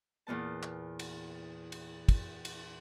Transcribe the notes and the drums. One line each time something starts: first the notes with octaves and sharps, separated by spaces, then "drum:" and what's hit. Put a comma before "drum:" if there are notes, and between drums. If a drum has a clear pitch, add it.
E2 A#2 B3 A5
drum: clap
drum: cymbal
drum: cymbal
drum: kick, cymbal
drum: cymbal